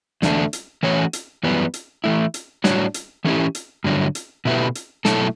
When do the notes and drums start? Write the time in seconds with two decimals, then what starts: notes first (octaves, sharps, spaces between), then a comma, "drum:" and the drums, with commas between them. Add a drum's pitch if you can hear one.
0.22 E2 D3 A3 D4, drum: snare
0.53 drum: hi-hat
0.83 E3 A3 C#4 F#4 C#5
1.13 drum: hi-hat
1.43 F#2 E3 G3 B3
1.74 drum: hi-hat
2.04 E3 A3 E4
2.34 drum: hi-hat
2.64 A2 G3 D4 F#4 C#5, drum: snare
2.94 drum: hi-hat
3.25 E3 A3 C#4 E4 G4
3.55 drum: hi-hat
3.84 G2 D3 F#3 A3
4.15 drum: hi-hat
4.45 B2 A3 E4 G4 B4
4.75 drum: hi-hat
5.05 B2 F#3 A3 E4 A4, drum: snare